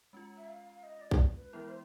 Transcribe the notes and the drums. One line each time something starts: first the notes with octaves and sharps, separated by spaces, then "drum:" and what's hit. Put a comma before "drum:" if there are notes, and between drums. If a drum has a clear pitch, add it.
G#3 C#4 F4
E5
F5
D#5
D5
drum: kick B1
B4
E3 G#3 B3 E4 A#4
C5